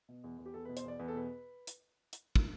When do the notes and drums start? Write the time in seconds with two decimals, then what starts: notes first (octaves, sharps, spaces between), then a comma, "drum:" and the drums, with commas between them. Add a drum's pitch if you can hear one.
0.09 B2
0.24 E2
0.39 E2
0.46 G4
0.54 E2 A4
0.65 B4
0.69 B2
0.77 C5, drum: hi-hat
0.84 E2 D5
0.99 E2 B4
1.08 A4
1.14 B2 B4
1.67 drum: hi-hat
2.13 drum: hi-hat
2.36 drum: kick